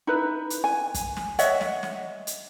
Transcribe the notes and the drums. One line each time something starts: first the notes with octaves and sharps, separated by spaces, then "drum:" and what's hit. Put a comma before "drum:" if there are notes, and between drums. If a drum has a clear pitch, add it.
D#4 E4 B4
drum: hi-hat
G#5
drum: kick, hi-hat
drum: snare
C#5 D#5 E5 F#5, drum: hi-hat
drum: snare
drum: snare
drum: hi-hat